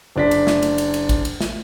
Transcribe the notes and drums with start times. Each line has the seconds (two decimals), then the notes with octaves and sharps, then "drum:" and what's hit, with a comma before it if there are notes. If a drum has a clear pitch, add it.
0.16 F#1 D4 B6
0.31 drum: cymbal
0.47 drum: snare
0.62 drum: cymbal
0.78 drum: cymbal
0.94 drum: cymbal
1.09 drum: kick A1, cymbal
1.25 drum: cymbal
1.41 drum: snare